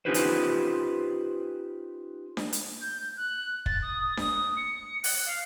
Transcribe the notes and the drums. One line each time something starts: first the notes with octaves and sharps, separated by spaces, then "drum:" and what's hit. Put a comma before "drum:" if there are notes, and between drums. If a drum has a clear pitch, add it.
C#4 D#4 F4 G4 B4 C5
drum: hi-hat
drum: snare D4
drum: hi-hat
G6
F#6
A6, drum: kick
D#6
D#6, drum: snare D4
C#7
F#6, drum: open hi-hat
F5